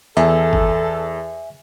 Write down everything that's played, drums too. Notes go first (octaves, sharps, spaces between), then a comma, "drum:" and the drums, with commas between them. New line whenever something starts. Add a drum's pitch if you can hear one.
E2 A4 E5 G#5, drum: hi-hat
drum: kick G1